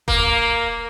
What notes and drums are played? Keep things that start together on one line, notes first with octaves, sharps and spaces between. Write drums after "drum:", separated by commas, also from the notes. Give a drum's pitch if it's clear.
A#3, drum: kick E1